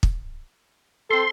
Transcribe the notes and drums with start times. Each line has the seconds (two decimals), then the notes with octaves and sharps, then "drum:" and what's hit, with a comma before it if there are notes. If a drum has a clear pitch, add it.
0.03 drum: kick
1.10 C4 A4 C6